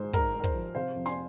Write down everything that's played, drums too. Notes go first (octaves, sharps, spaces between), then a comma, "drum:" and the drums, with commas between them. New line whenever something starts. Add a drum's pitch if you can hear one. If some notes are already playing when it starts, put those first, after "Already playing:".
Already playing: G#2 F3 G#3 C5
G#2 A#4, drum: kick
G#2
A#4
C5, drum: kick
F3
C3 C5 F5
F2
G#5 C6, drum: snare